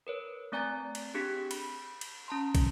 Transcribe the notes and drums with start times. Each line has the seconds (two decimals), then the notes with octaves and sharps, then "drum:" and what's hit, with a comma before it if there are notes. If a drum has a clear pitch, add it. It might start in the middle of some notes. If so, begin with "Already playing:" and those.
0.07 A#4 B4 C#5
0.52 A3 C4 D5 G#5 A#5 A6
0.95 drum: cymbal
1.14 C4 D4 G4 G#4 B6
1.51 B5, drum: cymbal
2.01 drum: cymbal
2.28 C#4 A5 A#5 C6
2.55 drum: kick, cymbal